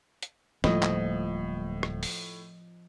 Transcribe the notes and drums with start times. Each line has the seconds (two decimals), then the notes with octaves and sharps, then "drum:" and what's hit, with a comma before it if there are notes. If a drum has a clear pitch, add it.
0.22 drum: hi-hat
0.64 D1 A2 F3 G3 A#3 D#5, drum: snare
0.83 drum: clap
1.83 drum: rim click
2.03 drum: open hi-hat